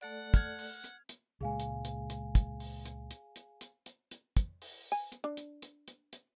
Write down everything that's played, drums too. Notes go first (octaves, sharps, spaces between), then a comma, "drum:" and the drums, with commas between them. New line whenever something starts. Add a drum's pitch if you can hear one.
A3 A4 D5 F#5
F6 G#6, drum: kick, hi-hat
drum: open hi-hat
drum: hi-hat
drum: hi-hat
C#2 A#2 G#3 G#4 F5 G#5
drum: hi-hat
drum: hi-hat
drum: hi-hat
drum: kick, hi-hat
drum: open hi-hat
drum: hi-hat
drum: hi-hat
drum: hi-hat
drum: hi-hat
drum: hi-hat
drum: hi-hat
drum: kick, hi-hat
drum: open hi-hat
G#5
drum: hi-hat
D4
drum: hi-hat
drum: hi-hat
drum: hi-hat
drum: hi-hat